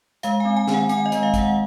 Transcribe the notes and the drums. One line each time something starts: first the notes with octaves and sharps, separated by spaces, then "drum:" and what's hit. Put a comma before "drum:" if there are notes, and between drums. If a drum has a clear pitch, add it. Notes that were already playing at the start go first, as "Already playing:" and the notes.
G#3 F5, drum: hi-hat
C4 G#5
G#5
D#3, drum: snare
F#5
C4 G#5, drum: hi-hat
D#5
G#3, drum: hi-hat
F5
G#3 F#5, drum: kick, hi-hat